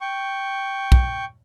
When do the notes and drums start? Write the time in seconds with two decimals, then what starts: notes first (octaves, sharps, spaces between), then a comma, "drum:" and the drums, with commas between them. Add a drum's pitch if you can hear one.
0.01 G5 C#6
0.92 drum: kick B1